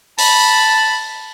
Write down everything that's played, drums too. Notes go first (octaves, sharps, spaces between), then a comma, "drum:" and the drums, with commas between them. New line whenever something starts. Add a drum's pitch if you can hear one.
A5 B5, drum: open hi-hat